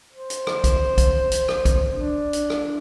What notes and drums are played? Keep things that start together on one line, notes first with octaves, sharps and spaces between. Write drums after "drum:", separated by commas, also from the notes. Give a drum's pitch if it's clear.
C5
drum: hi-hat
drum: rim click
drum: kick, hi-hat
drum: kick, hi-hat
drum: hi-hat
drum: rim click
drum: kick, hi-hat
D4
drum: hi-hat
drum: rim click